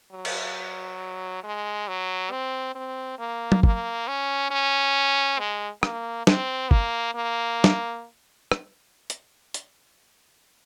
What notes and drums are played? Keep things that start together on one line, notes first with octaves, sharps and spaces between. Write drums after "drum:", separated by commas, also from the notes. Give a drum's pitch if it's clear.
F#3
drum: cymbal
G#3
F#3
C4
C4
A#3
drum: tom F#3
A#3, drum: kick
C#4
C#4
G#3
A#3, drum: rim click
C4, drum: snare
A#3, drum: kick
A#3
drum: snare
drum: rim click
drum: hi-hat
drum: hi-hat